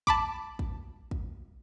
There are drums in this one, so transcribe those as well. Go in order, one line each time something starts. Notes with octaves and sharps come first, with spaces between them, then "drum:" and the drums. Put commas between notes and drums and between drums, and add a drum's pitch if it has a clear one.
A5 B5 D6, drum: kick
drum: kick
drum: kick